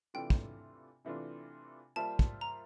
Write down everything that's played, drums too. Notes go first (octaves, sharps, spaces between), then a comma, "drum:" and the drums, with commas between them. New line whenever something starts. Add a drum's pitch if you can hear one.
C3 E3 A3 D4 F4 G5
drum: kick
C3 E3 A3 D4 F4
G3 A#3 F4 C5 E5 A5
drum: kick
A#5